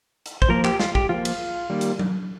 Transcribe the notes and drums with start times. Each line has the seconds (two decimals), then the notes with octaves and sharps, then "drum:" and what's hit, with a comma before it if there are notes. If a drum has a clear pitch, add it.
0.26 drum: hi-hat
0.42 C5, drum: kick
0.49 F3 A#3 A#4
0.64 G4, drum: clap
0.80 F4, drum: snare
0.95 G4, drum: kick
1.09 F3 A#3 F4
1.25 drum: cymbal
1.70 D#3 G3 A#3
1.81 drum: hi-hat
1.99 drum: tom F#3